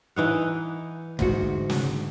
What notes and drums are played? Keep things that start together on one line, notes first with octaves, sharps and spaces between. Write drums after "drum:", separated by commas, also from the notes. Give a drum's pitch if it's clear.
E3 D#4 F#5
D2 G#2 F#4, drum: kick
drum: snare